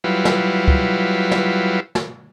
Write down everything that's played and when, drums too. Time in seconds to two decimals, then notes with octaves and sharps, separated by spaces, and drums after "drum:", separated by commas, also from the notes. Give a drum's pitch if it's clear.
0.04 F#3 G3 E4 F4 B4
0.25 drum: snare
0.68 drum: kick
1.31 drum: snare
1.95 drum: snare